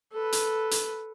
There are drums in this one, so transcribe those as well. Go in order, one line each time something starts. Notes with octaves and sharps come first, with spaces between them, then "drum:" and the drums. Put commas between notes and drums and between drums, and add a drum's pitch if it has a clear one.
A4 B4
drum: hi-hat
drum: hi-hat